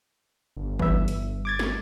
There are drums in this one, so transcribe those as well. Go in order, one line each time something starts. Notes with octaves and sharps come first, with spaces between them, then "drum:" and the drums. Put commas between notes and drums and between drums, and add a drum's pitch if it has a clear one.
G1
E2 E3 E5, drum: kick
drum: hi-hat
D6 G#6 A6
drum: snare